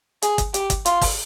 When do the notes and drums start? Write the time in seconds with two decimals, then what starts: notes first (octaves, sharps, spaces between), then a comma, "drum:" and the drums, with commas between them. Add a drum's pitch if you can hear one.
0.22 G#4, drum: hi-hat
0.38 drum: kick G1, hi-hat
0.54 G4, drum: hi-hat
0.70 drum: kick G1, hi-hat
0.86 F4, drum: hi-hat
1.01 drum: kick G1, open hi-hat